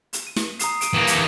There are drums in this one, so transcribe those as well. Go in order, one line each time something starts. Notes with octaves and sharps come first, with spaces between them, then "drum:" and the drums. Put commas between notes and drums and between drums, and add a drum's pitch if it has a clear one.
drum: hi-hat
D#7
drum: snare
A#5 D#6 C7, drum: hi-hat
D7 D#7, drum: hi-hat
E3 A#3
G6 B6 C#7, drum: hi-hat